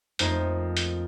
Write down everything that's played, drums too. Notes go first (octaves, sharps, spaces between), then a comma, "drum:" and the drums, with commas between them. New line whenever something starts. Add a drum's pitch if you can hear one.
F2 A3 A#3 D#4 C5, drum: hi-hat
drum: hi-hat